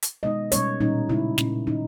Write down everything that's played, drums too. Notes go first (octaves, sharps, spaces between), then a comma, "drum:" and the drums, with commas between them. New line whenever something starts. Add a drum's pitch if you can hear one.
drum: hi-hat
B2 G#3 B3 D#4 D#5
B2 G3 A#3 C#4 C#5, drum: hi-hat
A#2 G3 A#3 C#4 D#4
C#3 G#3 D#4 E4
A#2 A#3 C#4, drum: snare
D#3 G3 C#4 D#4